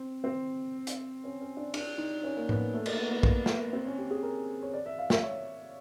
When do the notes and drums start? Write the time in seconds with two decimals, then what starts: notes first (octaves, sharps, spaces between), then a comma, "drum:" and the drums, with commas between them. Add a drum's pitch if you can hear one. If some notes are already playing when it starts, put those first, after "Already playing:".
Already playing: C4
0.24 C4
0.87 drum: hi-hat
1.24 C#4
1.41 C#4
1.57 D4
1.74 D4, drum: cymbal
1.98 D#4
2.24 C#4
2.36 A#3
2.49 B3, drum: tom A2
2.74 A3
2.86 A#3, drum: cymbal
2.99 B3
3.11 B3
3.23 A#3, drum: kick
3.46 drum: snare
3.73 C4
3.86 C#4
3.98 G4
4.11 G#4
4.23 A#4
4.62 C#5
4.74 D5
4.86 E5
4.98 F5
5.10 E5, drum: snare
5.23 C#5